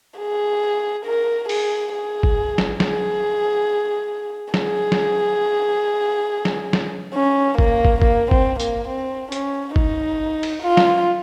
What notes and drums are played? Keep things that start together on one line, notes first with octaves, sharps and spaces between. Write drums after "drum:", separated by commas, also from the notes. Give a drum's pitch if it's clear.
G#4
A#4
G#4, drum: open hi-hat
G#4
drum: kick
drum: snare
G#4, drum: snare
G#4, drum: snare
drum: snare
drum: snare
drum: snare
C#4
A#3, drum: kick
drum: kick
A#3, drum: kick
C4, drum: kick
A#3, drum: tambourine
C4
C#4, drum: hi-hat
D#4, drum: kick
drum: cymbal
F4
drum: snare